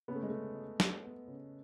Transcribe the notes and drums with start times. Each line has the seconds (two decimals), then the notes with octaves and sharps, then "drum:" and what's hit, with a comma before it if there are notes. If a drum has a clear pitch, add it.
0.08 C#3 B3
0.15 A3
0.23 G#3
0.30 C#3 A3
0.55 G#3
0.80 G#3, drum: snare
1.04 B3
1.28 C#3